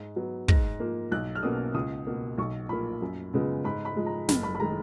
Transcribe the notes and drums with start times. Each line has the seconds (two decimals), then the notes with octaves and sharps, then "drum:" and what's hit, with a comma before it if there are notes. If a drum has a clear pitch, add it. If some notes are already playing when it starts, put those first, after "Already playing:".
Already playing: G#2
0.16 F#3 B3
0.48 G#2 A#6, drum: kick
0.80 F3 A#3
1.12 B1 F#6
1.35 F6
1.43 B2 A#3 C#4 D#6
1.74 C#2 D#6
2.07 B2 A#3
2.38 B1 C#6
2.69 A#2 F3 A#3 B5
3.02 F#2
3.34 C#3 F3 G#3 B3
3.64 G#2 B5
3.85 B5
3.96 F3 G#3
4.06 A#5
4.29 F#1 B5, drum: snare
4.43 B5
4.55 B5
4.60 D#3 G#3 A#5